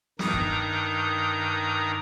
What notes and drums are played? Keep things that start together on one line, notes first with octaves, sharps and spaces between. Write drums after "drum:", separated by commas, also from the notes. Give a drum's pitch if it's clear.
G2 D#3 D#4 A#5 D#6, drum: snare
drum: kick